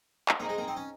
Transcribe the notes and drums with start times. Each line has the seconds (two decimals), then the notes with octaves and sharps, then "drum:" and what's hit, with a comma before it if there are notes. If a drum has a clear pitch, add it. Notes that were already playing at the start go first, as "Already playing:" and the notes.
0.29 drum: clap
0.39 A#3 C4 D#4 G#4 D#5
0.49 G#3
0.58 A#3
0.68 C4
0.77 C#4